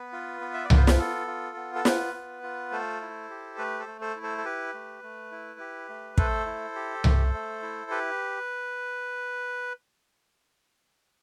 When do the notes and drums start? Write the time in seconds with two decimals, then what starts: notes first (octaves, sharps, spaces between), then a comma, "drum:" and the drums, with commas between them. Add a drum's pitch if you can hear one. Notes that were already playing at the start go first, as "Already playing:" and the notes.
Already playing: B3 B4
0.13 F4
0.41 B3
0.54 E5
0.65 D5
0.70 F4, drum: tom C2
0.77 C5
0.87 B4, drum: snare
0.99 B3 A4
1.27 F4
1.56 B3
1.75 A4
1.85 F4 B4, drum: snare
2.14 B3
2.43 F4
2.72 A3 A4 C5
3.01 E4
3.30 G4
3.58 A3 B4
3.80 A4 C5
3.87 A3
4.01 A4 C5
4.16 E4
4.23 A4 C5
4.38 A4
4.45 G4 B4
4.74 A3
5.03 A3
5.32 E4
5.60 G4
5.89 A3
6.18 A3 A4 C5, drum: kick
6.46 E4
6.75 G4
7.04 A3, drum: tom C2
7.34 A3
7.62 E4
7.91 G4 B4